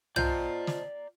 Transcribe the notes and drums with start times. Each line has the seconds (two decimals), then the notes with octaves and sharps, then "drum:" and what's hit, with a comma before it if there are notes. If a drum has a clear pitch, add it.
0.16 F4 C5 D5 D#5 G5 A5 A#5 G6, drum: tom
0.67 drum: snare